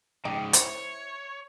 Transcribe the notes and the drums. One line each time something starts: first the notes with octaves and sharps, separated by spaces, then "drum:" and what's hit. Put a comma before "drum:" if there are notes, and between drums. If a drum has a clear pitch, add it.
G#2 C#3 D#4 G4
E4 C5 C#5, drum: hi-hat